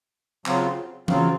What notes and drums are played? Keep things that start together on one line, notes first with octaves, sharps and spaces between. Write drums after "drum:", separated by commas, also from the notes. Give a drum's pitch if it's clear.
C#3 F#3 C4 F4, drum: clap
C#3 F#3 C4 F4, drum: tom E3